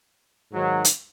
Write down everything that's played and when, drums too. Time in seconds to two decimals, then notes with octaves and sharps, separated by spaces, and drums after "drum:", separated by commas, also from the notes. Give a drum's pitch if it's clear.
0.52 G#2 D#3 F#3
0.85 drum: hi-hat